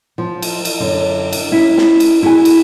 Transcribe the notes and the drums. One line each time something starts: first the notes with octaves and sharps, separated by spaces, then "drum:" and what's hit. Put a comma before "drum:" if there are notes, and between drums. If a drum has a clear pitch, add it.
F3
drum: cymbal
drum: cymbal
F#2 D3
drum: cymbal
C#4 E4
drum: snare
drum: cymbal
E4 F#4 G#4 G#5
drum: cymbal